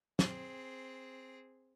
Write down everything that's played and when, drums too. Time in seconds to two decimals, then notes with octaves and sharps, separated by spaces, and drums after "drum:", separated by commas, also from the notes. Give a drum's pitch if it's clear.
0.19 C4 G#4, drum: snare